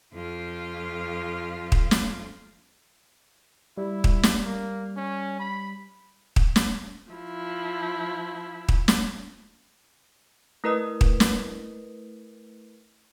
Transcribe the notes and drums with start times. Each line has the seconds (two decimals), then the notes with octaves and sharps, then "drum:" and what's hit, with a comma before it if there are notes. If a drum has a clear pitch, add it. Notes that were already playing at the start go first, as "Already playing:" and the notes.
0.14 F2 F4
1.72 drum: kick
1.91 drum: snare
3.78 G3 E4
4.04 drum: kick
4.23 drum: snare
4.45 A#3
4.97 C#4
5.40 B5
6.36 drum: kick
6.56 drum: snare
7.12 F3 E4
8.69 drum: kick
8.88 drum: snare
10.64 A3 E4 A#4 B4 D#5 D#6
11.01 drum: kick
11.20 drum: snare